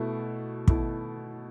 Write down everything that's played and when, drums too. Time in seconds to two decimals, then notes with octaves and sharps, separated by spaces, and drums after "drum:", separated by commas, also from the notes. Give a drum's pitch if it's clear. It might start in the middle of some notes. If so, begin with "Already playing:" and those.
Already playing: B2 A3 E4
0.68 B2 A3 E4, drum: kick